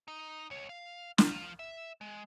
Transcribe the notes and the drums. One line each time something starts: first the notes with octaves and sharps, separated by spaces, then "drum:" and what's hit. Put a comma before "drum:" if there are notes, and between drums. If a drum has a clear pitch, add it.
D#4
C#2 C#5
F5
F3 F4, drum: snare
E5
G#3